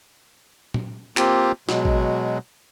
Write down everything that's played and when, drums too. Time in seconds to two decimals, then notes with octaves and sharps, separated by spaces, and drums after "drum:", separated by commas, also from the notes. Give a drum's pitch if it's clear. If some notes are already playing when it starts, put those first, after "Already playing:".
0.74 drum: tom A#2
1.17 A#3 C4 F4 G4, drum: clap
1.69 B2 F#3 G#3, drum: snare
1.85 drum: kick